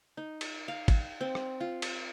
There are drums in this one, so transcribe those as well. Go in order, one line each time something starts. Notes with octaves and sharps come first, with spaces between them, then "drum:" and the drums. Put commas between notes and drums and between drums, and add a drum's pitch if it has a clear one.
D#4
drum: cymbal
F5
drum: kick, cymbal
C4
drum: rim click
F4
drum: cymbal